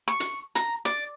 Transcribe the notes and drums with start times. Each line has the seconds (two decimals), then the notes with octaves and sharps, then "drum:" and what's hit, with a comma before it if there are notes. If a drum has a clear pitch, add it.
0.08 C#6
0.20 drum: hi-hat
0.55 A#5, drum: hi-hat
0.85 D5, drum: hi-hat